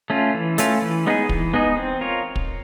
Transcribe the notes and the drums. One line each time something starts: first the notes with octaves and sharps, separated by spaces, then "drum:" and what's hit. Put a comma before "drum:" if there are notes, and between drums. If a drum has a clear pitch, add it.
A3 C#4 F4
E3
A3 C#4 F4, drum: hi-hat
E3
G#3 B3 D#4 G#4
E3, drum: kick
G#3 B3 D#4 G#4
C4
F4 A#4 C#5
drum: kick